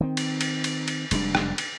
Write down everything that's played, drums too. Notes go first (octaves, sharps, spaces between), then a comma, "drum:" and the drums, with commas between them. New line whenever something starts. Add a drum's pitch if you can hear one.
D#3 C4
drum: cymbal
drum: cymbal
drum: cymbal
drum: cymbal
F1 G3 G#3 D4, drum: cymbal
drum: rim click
drum: cymbal